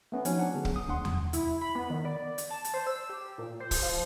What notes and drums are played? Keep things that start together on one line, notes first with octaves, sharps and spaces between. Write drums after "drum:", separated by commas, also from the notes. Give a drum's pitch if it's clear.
A3 B3 C#4
F3 C#4 D#4 F#4, drum: hi-hat
D4 F#5
D3 F#3 B3 G#4
drum: kick
D#6
D2 D4 F#5 C6
drum: tom E2
E4, drum: hi-hat
B5
B3
D#3
D5
drum: hi-hat
A5
drum: hi-hat
C5
E6
G4
A#2
C5
drum: kick, open hi-hat
F3